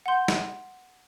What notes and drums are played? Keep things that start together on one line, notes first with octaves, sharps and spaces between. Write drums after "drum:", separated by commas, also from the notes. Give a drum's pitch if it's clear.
F#5 C6 G6
drum: snare